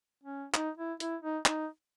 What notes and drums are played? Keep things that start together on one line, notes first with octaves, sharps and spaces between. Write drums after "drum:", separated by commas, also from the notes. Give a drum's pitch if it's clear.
C#4
D#4, drum: clap
E4
E4, drum: hi-hat
D#4
D#4, drum: clap